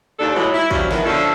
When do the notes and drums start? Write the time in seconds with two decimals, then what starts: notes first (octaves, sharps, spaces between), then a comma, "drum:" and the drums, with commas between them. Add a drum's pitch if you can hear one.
0.19 D#2 D4 A4
0.36 A2 E3 F#3 G#3
0.53 E4
0.71 F3 F#3 C#4 D4 E4 G4, drum: kick
0.91 B2 D#3 G#3 E4 F#4, drum: snare
1.05 D3 F3 C#4 D4 E4 A4